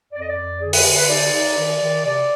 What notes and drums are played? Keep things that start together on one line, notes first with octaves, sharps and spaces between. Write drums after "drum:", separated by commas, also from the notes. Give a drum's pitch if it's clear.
F2 D5
D#5
D5
F2
D3 G#4
B4, drum: open hi-hat
D3
B4
D#4 D5
D#4
D#3
D#3
C3 D5